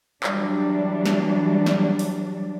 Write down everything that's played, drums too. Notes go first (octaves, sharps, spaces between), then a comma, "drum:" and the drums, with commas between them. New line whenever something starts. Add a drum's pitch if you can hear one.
E3 F#3 G3 D4, drum: clap
drum: snare
drum: snare
drum: open hi-hat